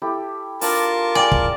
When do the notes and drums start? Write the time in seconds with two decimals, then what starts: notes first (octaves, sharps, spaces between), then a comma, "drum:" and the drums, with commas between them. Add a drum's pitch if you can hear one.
0.02 E4 G4 A4
0.61 D4 F4 A#4 A5, drum: open hi-hat
1.15 G#4 D5 G5 G#5 D6
1.32 drum: kick